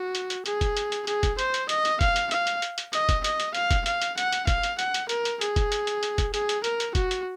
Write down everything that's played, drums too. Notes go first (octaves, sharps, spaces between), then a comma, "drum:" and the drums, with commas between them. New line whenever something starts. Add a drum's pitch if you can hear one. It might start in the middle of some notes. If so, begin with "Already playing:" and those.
Already playing: F#4
drum: hi-hat
drum: hi-hat
G#4, drum: hi-hat
drum: kick, hi-hat
drum: hi-hat
drum: hi-hat
G#4, drum: hi-hat
drum: kick, hi-hat
C5, drum: hi-hat
drum: hi-hat
D#5, drum: hi-hat
drum: hi-hat
F5, drum: kick, hi-hat
drum: hi-hat
F5, drum: hi-hat
drum: hi-hat
drum: hi-hat
drum: hi-hat
D#5, drum: hi-hat
drum: kick, hi-hat
D#5, drum: hi-hat
drum: hi-hat
F5, drum: hi-hat
drum: kick, hi-hat
F5, drum: hi-hat
drum: hi-hat
F#5, drum: hi-hat
drum: hi-hat
F5, drum: kick, hi-hat
drum: hi-hat
F#5, drum: hi-hat
drum: hi-hat
A#4, drum: hi-hat
drum: hi-hat
G#4, drum: hi-hat
drum: kick, hi-hat
drum: hi-hat
drum: hi-hat
drum: hi-hat
drum: kick, hi-hat
G#4, drum: hi-hat
drum: hi-hat
A#4, drum: hi-hat
drum: hi-hat
F#4, drum: kick, hi-hat
drum: hi-hat